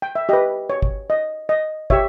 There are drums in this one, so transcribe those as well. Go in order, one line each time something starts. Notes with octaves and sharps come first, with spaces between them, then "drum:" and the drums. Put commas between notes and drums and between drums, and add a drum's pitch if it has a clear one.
G5
E5
G4 B4 D#5
C#5
drum: kick
D#5
D#5
G4 C#5 E5, drum: kick